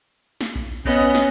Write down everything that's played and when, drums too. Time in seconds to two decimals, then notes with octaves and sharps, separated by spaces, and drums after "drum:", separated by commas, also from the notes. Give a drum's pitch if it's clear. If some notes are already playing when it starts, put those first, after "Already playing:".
0.41 drum: snare
0.55 drum: kick A#1
0.85 B3 C#4 D#5, drum: kick A#1
1.15 drum: snare